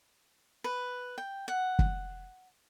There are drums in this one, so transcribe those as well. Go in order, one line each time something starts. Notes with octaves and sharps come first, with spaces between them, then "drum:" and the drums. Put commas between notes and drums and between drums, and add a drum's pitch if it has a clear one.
B4
G5
F#5
drum: kick